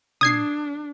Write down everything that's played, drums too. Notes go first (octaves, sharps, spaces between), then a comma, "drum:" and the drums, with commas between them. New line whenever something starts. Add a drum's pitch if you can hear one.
D4 D#6 G#6 C7, drum: tom